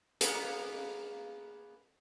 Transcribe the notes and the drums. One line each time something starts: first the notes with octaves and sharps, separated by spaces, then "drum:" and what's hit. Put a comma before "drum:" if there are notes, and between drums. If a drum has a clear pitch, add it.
A#3 B3 G#4, drum: hi-hat